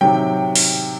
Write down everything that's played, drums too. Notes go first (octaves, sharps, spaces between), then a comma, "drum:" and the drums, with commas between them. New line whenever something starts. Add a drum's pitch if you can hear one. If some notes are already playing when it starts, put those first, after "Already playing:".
C3 D#3 F#3 G5
drum: open hi-hat